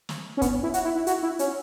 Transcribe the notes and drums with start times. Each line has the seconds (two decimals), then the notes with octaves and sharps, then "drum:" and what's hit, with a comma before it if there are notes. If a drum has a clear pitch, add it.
0.09 drum: snare
0.37 C#4
0.42 B3, drum: kick, hi-hat
0.63 E4
0.74 F#4, drum: hi-hat
0.85 E4
0.95 E4
1.07 F#4, drum: hi-hat
1.23 E4
1.39 C#4, drum: hi-hat